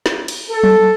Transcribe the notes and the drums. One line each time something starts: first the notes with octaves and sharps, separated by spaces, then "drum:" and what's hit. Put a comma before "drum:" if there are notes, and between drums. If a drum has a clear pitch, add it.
drum: snare
drum: cymbal
A4
drum: tom F#3